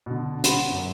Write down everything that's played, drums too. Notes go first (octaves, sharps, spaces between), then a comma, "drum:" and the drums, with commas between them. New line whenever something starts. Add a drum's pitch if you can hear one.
B2 D3
F#5 B5 C6, drum: hi-hat
F#2